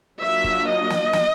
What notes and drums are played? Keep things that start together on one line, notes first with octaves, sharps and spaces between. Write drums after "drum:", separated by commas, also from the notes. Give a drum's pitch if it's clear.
F#3 A#3 D4 F4 E5
drum: kick
D#5
drum: snare
drum: snare